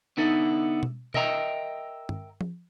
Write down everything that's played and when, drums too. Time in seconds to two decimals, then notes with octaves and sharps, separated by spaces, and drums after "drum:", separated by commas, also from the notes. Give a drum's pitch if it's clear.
0.17 D3 B3 D#4 E4 A4
0.83 drum: tom B2
1.14 A#4 D#5 E5 G5 A#5, drum: tom B2
2.09 drum: tom G2
2.41 drum: tom F3